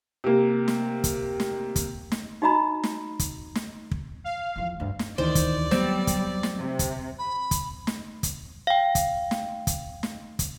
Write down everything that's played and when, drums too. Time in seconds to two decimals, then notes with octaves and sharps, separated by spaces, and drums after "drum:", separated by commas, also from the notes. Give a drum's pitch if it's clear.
0.24 C3 A#3
0.68 drum: snare
1.04 drum: kick, hi-hat
1.40 drum: snare
1.76 drum: kick, hi-hat
2.12 drum: snare
2.42 D#4 F#4 D#5 A#5 B5
2.83 drum: snare
3.19 drum: kick, hi-hat
3.55 drum: snare
3.91 drum: kick
4.24 F5
4.56 E2 F3
4.80 D2 G2
4.99 drum: snare
5.18 D2 D#3 E3 C5 D5
5.35 drum: kick, hi-hat
5.71 F#3 G3 B3 C4, drum: snare
6.07 drum: kick, hi-hat
6.43 drum: snare
6.57 C3
6.79 drum: kick, hi-hat
7.19 B5
7.51 drum: kick, hi-hat
7.87 drum: snare
8.23 drum: kick, hi-hat
8.67 F5 G5
8.95 drum: kick, hi-hat
9.31 drum: snare
9.67 drum: kick, hi-hat
10.03 drum: snare
10.39 drum: kick, hi-hat